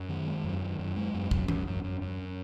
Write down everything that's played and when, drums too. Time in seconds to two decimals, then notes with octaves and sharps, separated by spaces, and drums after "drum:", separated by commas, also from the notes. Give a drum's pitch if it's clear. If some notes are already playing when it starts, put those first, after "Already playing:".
Already playing: F#2
0.09 D#3
0.27 G#3
0.44 F#2
0.62 D#3
0.79 F#2
0.96 G#3
1.14 F#2
1.31 F#2, drum: kick
1.48 F#2, drum: tom
1.67 F#2
1.84 F#2
2.01 F#2